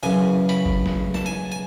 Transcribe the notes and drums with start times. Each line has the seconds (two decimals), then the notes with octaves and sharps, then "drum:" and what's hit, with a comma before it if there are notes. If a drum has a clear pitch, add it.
0.03 F#2 C#3 E3 G#5
0.49 B5, drum: hi-hat
0.66 drum: kick G1
0.86 drum: snare
1.14 A5, drum: snare
1.26 G#5
1.52 G#5